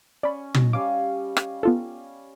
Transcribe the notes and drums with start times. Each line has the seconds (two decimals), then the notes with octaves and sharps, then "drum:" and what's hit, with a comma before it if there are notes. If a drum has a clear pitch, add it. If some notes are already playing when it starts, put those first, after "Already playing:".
0.23 C#4 D5 B5
0.54 D#5, drum: tom
0.73 G3 C#4 F5 D6
1.37 drum: rim click
1.63 B3 F4 A4